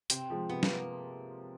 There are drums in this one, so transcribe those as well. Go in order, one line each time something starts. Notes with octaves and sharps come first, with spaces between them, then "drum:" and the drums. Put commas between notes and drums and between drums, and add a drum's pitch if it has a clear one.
C3 C4, drum: hi-hat
F3 G#3
C3 B3
A#3, drum: snare